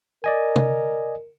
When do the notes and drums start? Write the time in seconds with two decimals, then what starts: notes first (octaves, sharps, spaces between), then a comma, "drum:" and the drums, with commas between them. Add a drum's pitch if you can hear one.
0.24 A#4 D5 D#5 G#5
0.56 drum: tom